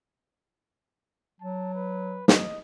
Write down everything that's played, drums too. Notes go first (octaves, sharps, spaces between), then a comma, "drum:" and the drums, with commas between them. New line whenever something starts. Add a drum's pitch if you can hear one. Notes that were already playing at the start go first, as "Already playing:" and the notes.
F#3 A5
B4
D#5, drum: snare